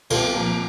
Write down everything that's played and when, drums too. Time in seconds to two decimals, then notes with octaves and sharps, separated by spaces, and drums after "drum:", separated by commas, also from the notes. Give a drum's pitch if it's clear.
0.10 C2 F4 A4, drum: cymbal
0.34 A#2 F3